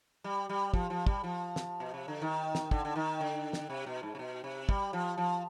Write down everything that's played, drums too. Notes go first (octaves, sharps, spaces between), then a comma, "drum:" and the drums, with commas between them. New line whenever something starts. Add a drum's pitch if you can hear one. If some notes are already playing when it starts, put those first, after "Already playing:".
G3
G3
F3, drum: kick
F3
G3, drum: kick
F3
drum: snare
B2
C3
D3
D#3
drum: snare
D3, drum: kick
D3
D#3
D3
drum: snare
C3
B2
G#2
C3
B2
C3
G3, drum: kick
F3
F3